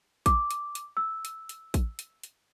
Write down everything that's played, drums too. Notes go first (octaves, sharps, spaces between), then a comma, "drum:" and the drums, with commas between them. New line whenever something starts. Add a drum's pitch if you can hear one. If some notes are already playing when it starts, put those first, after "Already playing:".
D6, drum: kick, hi-hat
drum: hi-hat
drum: hi-hat
E6
drum: hi-hat
drum: hi-hat
drum: kick, hi-hat
drum: hi-hat
drum: hi-hat